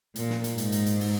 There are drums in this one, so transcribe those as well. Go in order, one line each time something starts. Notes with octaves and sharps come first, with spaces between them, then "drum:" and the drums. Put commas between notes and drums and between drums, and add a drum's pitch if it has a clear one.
A#2, drum: hi-hat
drum: snare
drum: hi-hat
G#2, drum: hi-hat
drum: hi-hat
drum: hi-hat
drum: open hi-hat